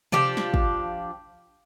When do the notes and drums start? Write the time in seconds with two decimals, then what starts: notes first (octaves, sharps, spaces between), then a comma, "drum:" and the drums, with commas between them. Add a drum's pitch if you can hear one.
0.12 F3 D4 G4, drum: tom C3
0.37 drum: snare
0.54 drum: kick